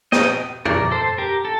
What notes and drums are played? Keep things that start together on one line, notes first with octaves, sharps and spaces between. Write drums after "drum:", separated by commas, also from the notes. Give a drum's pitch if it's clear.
D#5 G5, drum: snare
A#4 D5, drum: tom F2
A4 C5
G4 A#4
A4